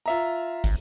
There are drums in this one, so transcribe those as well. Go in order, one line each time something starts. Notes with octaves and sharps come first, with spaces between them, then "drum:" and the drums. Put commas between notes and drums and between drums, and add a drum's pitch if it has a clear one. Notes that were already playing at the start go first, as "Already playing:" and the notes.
F4 E5 A#5
G#1, drum: kick, hi-hat